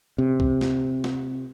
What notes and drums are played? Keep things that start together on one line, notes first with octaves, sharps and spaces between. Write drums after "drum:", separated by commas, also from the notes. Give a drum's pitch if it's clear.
C3
drum: kick
drum: snare
drum: snare